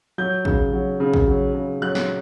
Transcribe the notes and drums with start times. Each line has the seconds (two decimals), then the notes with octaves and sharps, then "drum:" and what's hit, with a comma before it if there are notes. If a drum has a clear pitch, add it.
0.18 F#3 G6
0.45 C#3, drum: kick
0.73 F#3
1.00 C#3
1.14 drum: kick
1.27 F#3
1.54 C#3
1.82 F#3 F#6
1.95 drum: snare